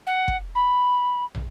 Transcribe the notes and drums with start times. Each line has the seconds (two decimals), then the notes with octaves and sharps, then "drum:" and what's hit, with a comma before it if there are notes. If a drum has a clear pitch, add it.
0.06 F#5
0.28 drum: kick
0.55 B5
1.35 drum: tom